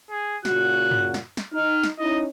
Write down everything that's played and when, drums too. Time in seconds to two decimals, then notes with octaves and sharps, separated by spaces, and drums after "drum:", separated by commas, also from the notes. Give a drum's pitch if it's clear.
0.10 G#4
0.45 A#2 C#3 F#4 F#6, drum: snare
0.91 drum: tom
1.14 drum: snare
1.37 drum: snare
1.54 D#4 F6
1.83 drum: snare
1.99 C#4 D#4 E4 D#5